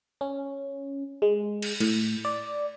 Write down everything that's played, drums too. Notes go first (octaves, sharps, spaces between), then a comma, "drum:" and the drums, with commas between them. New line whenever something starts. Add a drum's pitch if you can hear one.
C#4
G#3
drum: cymbal
A2, drum: cymbal
D5